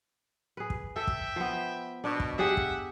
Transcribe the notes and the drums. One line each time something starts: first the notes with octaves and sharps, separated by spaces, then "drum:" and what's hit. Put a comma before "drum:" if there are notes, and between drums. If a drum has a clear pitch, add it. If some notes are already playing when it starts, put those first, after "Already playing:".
G#4 B4
drum: kick
A4 E5 G5
drum: kick
F3 B3
B2 D4
drum: kick
G4 G#4 D5 E5 F#5
drum: kick